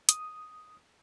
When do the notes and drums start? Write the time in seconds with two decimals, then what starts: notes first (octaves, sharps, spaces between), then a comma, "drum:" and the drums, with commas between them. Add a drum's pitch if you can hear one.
0.09 D#6, drum: hi-hat